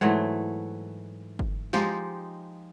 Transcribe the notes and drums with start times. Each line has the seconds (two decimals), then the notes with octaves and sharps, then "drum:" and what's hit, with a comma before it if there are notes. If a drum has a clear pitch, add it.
0.01 G#2 E3 F#3 A3
1.39 drum: kick G1
1.73 F3 G#3 D#4 G4, drum: snare